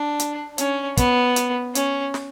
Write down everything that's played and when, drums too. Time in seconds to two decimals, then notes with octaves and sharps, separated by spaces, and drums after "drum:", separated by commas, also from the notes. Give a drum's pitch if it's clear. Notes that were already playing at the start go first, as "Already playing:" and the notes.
Already playing: D4
0.20 drum: hi-hat
0.58 C#4, drum: hi-hat
0.97 B3, drum: kick, hi-hat
1.36 drum: hi-hat
1.75 C#4, drum: hi-hat
2.14 drum: snare